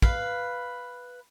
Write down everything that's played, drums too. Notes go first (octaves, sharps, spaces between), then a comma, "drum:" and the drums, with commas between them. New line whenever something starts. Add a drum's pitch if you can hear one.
B4 F5, drum: kick